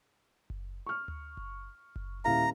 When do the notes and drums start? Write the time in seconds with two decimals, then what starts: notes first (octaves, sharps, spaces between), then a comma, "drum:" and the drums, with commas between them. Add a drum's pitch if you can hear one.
0.50 drum: kick F#1
0.86 C#6 F6
1.08 drum: tom D2
1.37 drum: kick F#1
1.96 drum: kick F#1
2.25 D#1 E4 F5 A#5